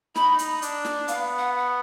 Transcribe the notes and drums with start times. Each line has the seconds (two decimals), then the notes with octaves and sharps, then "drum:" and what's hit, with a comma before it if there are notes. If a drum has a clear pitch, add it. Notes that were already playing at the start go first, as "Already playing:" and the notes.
0.16 D#4 B5, drum: snare
0.39 drum: hi-hat
0.62 D4, drum: hi-hat
0.85 drum: snare
1.08 B3 F5, drum: hi-hat
1.38 F#5
1.57 F#5